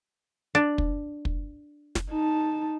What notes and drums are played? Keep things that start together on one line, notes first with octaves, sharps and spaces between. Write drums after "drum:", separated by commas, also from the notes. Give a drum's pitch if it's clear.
D4
drum: kick
drum: kick
drum: snare
D#4 A5